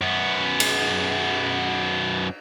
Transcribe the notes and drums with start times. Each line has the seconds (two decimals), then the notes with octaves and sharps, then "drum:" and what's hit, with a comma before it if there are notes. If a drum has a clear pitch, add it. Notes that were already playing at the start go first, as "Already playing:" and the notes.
0.01 F#2 B3
0.60 drum: cymbal